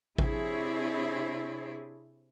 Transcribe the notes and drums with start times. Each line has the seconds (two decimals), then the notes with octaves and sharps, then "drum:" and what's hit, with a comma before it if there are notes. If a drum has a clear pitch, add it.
0.18 C3 C4 D4 E4 G#4 C#5, drum: kick A1